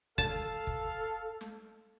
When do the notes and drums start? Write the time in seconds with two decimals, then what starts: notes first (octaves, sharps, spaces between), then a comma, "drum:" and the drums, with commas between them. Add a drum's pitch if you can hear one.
0.18 A4 F5 A5, drum: kick
0.67 drum: kick
1.41 drum: snare